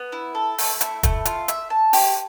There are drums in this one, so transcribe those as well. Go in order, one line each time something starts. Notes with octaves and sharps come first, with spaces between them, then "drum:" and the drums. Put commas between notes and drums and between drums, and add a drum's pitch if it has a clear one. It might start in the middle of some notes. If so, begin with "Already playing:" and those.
Already playing: B3
E4
A4
A3, drum: open hi-hat
E4, drum: hi-hat
A3, drum: kick, hi-hat
F4, drum: hi-hat
E5, drum: hi-hat
A5
G4, drum: open hi-hat